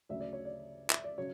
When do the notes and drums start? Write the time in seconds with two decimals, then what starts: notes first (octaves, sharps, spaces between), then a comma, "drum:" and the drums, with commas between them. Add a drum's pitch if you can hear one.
0.09 D2 C#3 F#3 E5
0.21 D5
0.33 C#5
0.45 D5
0.90 E5, drum: clap
1.04 D5
1.18 C#3 F#3 C#5